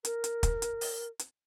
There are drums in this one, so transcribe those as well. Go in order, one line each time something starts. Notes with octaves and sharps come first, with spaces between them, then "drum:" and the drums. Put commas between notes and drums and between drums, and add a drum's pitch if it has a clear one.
A#4, drum: hi-hat
drum: hi-hat
drum: kick, hi-hat
drum: hi-hat
drum: open hi-hat
drum: hi-hat